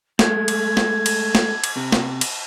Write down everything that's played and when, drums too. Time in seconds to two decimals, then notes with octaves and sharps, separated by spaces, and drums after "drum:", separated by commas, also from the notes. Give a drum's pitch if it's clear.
0.19 G#3 A3 G#6, drum: snare
0.48 drum: cymbal
0.77 drum: snare
1.06 drum: cymbal
1.35 drum: snare
1.64 drum: cymbal
1.77 C3
1.92 drum: snare
2.21 drum: cymbal